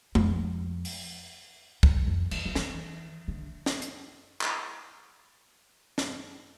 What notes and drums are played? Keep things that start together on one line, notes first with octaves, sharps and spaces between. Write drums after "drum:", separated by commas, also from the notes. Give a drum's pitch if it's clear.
F2, drum: tom G#3
drum: open hi-hat
F2, drum: kick C2
F2
E3, drum: cymbal
F3
E3, drum: snare
D3
drum: snare
drum: hi-hat
drum: clap
drum: snare